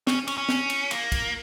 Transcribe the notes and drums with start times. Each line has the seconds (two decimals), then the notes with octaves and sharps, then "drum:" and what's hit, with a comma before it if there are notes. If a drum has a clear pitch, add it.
0.07 C#4, drum: snare
0.28 C#4, drum: cymbal
0.38 C#4
0.49 drum: snare
0.70 drum: cymbal
0.91 A#3, drum: cymbal
1.12 drum: kick, cymbal